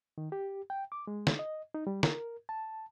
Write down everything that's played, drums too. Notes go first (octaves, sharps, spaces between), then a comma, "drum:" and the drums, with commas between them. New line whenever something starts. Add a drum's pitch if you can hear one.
D#3
G4
G5
D6
G#3
drum: snare
D#5
D#4
G3
A#4, drum: snare
A5